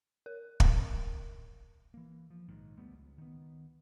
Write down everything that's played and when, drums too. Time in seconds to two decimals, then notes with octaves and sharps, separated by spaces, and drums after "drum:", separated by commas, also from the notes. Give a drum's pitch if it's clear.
0.26 A#4
0.60 drum: kick
1.94 E3 A#3
2.30 F3
2.48 A#1 G#2 D#3
2.77 D2 G3 A3 B3
2.94 C#2
3.18 D#3 B3